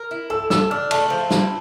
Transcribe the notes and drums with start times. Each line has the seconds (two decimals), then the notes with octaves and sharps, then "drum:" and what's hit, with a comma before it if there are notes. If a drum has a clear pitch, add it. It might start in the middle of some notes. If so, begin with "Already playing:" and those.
Already playing: A#4
0.11 E4
0.30 A4 E6
0.50 A4 E6, drum: snare
0.70 D4 F6
0.91 A3 A5, drum: cymbal
1.10 F3
1.31 E4, drum: snare